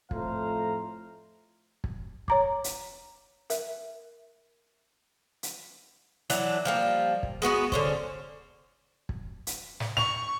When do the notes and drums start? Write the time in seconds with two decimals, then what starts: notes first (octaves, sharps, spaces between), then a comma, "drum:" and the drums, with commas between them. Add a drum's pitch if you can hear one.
0.11 F2 A2 A3 C5 F5 A#5, drum: kick
1.84 drum: kick
2.28 C#5 A#5 D6, drum: kick
2.64 drum: hi-hat
3.50 A#4 E5, drum: hi-hat
5.43 drum: hi-hat
6.30 E3 F#3 D4, drum: hi-hat
6.65 F3 G3 A#3
7.23 drum: kick
7.42 G#3 B3 F#4 B4
7.72 D3 C#4 C5, drum: kick
9.09 drum: kick
9.47 drum: hi-hat
9.80 drum: snare
9.97 C#6 F7, drum: snare